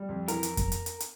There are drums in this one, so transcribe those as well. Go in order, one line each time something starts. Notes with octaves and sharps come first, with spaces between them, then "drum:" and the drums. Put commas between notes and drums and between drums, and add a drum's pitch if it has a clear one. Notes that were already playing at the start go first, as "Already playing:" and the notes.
Already playing: G3
F2
E3 A#4, drum: hi-hat
drum: hi-hat
drum: kick F2, hi-hat
drum: hi-hat
drum: hi-hat
drum: hi-hat